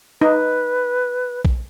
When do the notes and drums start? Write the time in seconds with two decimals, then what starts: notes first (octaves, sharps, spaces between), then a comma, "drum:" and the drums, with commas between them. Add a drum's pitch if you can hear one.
0.21 D#4 B4
1.45 drum: kick